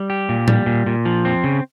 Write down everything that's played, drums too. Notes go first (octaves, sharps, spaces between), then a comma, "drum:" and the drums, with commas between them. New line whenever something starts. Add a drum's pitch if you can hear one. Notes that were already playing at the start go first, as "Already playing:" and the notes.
Already playing: G3
G4
A#2
G3, drum: tom A2
A#2
A#2
F3
C4
C#3